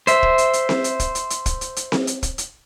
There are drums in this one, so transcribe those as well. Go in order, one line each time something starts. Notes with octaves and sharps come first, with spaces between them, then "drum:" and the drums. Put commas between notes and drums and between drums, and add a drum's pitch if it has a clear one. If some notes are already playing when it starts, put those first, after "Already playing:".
C5 E5, drum: hi-hat
drum: kick
drum: hi-hat
drum: hi-hat
drum: snare C4
drum: hi-hat
drum: kick, hi-hat
drum: hi-hat
drum: hi-hat
drum: kick, hi-hat
drum: hi-hat
drum: hi-hat
drum: snare C4
drum: hi-hat
drum: kick, hi-hat
drum: hi-hat